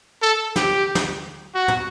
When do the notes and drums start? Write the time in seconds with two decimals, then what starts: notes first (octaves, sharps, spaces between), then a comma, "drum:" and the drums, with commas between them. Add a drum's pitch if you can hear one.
0.22 A4
0.56 G4, drum: snare
0.95 drum: snare
1.55 F#4
1.68 drum: tom